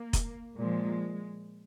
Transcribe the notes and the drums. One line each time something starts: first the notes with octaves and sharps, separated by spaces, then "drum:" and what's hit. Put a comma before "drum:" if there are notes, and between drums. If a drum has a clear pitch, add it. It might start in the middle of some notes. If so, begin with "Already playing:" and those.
Already playing: A#3
drum: kick F1, hi-hat
A#2 F3 G#3